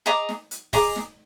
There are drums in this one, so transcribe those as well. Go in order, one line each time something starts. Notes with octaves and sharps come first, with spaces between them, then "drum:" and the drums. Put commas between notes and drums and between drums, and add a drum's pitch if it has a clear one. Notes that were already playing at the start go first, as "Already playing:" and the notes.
G#4 D#5 A#5 D6
drum: snare
drum: hi-hat
G#4 D#5 A#5 D6, drum: kick, open hi-hat
drum: snare